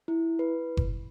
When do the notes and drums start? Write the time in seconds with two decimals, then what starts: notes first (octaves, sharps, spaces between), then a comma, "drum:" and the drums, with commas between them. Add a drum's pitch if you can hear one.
0.08 E4
0.39 B4
0.77 drum: kick F#1